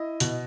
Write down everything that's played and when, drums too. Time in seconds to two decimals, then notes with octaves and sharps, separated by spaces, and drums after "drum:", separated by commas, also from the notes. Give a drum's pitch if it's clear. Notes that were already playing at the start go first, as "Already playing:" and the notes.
Already playing: E4 D#5
0.20 B2, drum: hi-hat